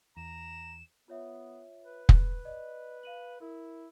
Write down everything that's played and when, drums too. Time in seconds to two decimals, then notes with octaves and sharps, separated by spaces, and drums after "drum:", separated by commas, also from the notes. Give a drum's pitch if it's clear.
0.17 E2 A#5 E7
1.08 B3 F4 C#5 E5
1.83 B4
2.09 drum: kick
2.45 D5 D#5
3.03 F5 D#7 F#7
3.41 E4 A#4